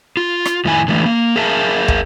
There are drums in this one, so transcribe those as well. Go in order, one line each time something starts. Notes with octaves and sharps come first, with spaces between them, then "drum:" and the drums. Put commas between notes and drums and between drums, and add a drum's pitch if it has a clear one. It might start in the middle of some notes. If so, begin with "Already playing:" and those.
F4
drum: rim click
F2 A2 D#3 E4 G#5
D3 E3 A3
A#3
G#4 A#4 E5 F5 A5
drum: kick